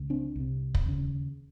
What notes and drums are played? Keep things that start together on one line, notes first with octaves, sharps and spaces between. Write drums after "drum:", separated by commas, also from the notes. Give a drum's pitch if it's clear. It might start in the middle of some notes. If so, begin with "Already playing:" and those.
Already playing: C#2 C#3
C4 D4
C2 C3
drum: kick
D#2 C#3